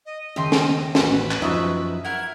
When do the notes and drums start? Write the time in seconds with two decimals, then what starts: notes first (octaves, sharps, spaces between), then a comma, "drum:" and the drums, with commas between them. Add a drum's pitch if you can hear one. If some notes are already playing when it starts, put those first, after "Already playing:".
0.06 D#5
0.36 D#2 C#3 E5 G5 C6
0.52 drum: snare
0.95 A1 F#4 B4, drum: snare
1.31 drum: clap
1.42 F#2 F3 D#4 D#5 E5 C#6
2.05 E4 A#4 F#5 G#6